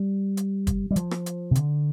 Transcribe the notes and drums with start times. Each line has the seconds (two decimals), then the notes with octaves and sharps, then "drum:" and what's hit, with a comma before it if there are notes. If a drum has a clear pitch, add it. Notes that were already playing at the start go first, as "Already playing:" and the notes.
Already playing: G3
0.37 drum: hi-hat
0.67 drum: kick, hi-hat
0.91 G3
0.96 F3, drum: hi-hat
1.11 drum: rim click
1.26 drum: hi-hat
1.51 C3
1.55 D3, drum: hi-hat